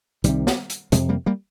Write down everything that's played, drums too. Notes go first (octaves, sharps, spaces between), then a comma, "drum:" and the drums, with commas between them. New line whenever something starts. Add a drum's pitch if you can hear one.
C2 C3 D#3 G3, drum: hi-hat
drum: snare
drum: hi-hat
F2 C3 F3 G#3, drum: hi-hat
G3 A#3
G3 A#3